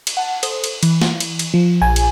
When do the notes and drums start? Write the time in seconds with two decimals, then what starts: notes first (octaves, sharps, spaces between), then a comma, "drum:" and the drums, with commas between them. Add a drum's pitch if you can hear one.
0.07 drum: cymbal
0.17 F#5 A5
0.43 A4 C5 D#6, drum: cymbal
0.64 drum: cymbal
0.83 E3, drum: cymbal
1.02 drum: snare
1.20 drum: cymbal
1.39 drum: cymbal
1.54 F3
1.82 A#1 G#5
1.96 drum: cymbal